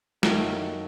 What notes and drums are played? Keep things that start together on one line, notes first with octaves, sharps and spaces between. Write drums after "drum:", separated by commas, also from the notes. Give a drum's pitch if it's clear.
F#2 D#3 F#3 A3 A#3 F#4, drum: snare